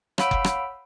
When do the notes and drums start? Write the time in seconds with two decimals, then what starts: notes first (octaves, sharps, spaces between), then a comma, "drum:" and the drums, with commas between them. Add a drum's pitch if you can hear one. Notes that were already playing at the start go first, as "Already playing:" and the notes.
0.18 C#5 F5 F#5 B5 E6 D7, drum: rim click
0.31 drum: kick F#1
0.44 drum: rim click